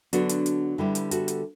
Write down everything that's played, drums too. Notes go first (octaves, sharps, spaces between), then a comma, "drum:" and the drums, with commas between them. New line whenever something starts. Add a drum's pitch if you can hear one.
D3 F#3 B3 D4 F#4, drum: hi-hat
drum: hi-hat
drum: hi-hat
D3 G3 B3 E4 G4
drum: hi-hat
F#4 A4, drum: hi-hat
drum: hi-hat